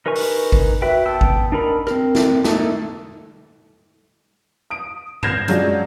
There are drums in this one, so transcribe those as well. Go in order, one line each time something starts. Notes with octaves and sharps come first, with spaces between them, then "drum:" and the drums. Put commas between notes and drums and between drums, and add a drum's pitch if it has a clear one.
D#4 A#4 B4 G#5 C#6
drum: open hi-hat
drum: kick G#1
F#4 B4 E5 G5
B3 G5 A5 E6
drum: kick G#1
D4 D#4 A#4 B5
C4 A#4, drum: rim click
drum: snare
A3 A#3 D#4 E4 A4, drum: snare
D#6 D7
F6 G6 G#6 A#6 C7 E7, drum: tom F#2
F3 F#3 G#3 C#4 D4, drum: hi-hat